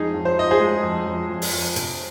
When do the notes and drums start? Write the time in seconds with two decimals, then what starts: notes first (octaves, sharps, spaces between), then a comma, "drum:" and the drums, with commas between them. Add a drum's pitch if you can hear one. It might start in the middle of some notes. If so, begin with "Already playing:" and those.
Already playing: F2 G#3 D#4 G#4
0.14 F2
0.25 C5
0.38 F3 D#5
0.51 G#4 C5
0.60 G#3
0.83 F2
1.06 F2
1.29 F2
1.42 drum: open hi-hat
1.53 F2
1.76 C3, drum: hi-hat